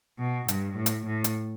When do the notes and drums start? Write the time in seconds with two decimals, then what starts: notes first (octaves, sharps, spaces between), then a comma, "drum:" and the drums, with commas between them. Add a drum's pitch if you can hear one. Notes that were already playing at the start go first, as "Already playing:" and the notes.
0.19 B2
0.48 G2, drum: hi-hat
0.76 A2
0.86 drum: hi-hat
1.05 A2
1.24 drum: hi-hat